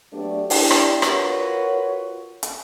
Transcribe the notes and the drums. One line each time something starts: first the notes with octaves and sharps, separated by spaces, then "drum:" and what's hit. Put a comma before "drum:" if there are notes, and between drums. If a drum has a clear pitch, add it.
F#3 A3 B3 D4 G4 D5
D4 E4 G4, drum: open hi-hat
drum: rim click
F4 F#4 A#4 B4 C#5, drum: rim click
drum: hi-hat